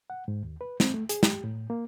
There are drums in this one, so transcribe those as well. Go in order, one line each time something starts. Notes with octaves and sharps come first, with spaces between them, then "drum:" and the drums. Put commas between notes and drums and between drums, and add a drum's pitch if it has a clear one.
F#5
G#2
D#2
B4
C4, drum: snare
A3
G#4, drum: hi-hat
G4, drum: snare
A2
A#3